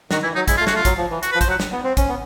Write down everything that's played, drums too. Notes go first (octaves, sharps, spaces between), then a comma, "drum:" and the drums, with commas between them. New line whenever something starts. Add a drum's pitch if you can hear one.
D#3 F#4, drum: snare
E3 E4
F#3 D#4
G#3 E4, drum: kick, hi-hat
F4
A3
F#4, drum: snare
A3 F4
F#3, drum: kick, hi-hat
F3
E3
F#4, drum: hi-hat
B4
F3
C5, drum: kick, hi-hat
F#3 F#5
drum: snare
B3
C4
C#4, drum: kick, hi-hat
B3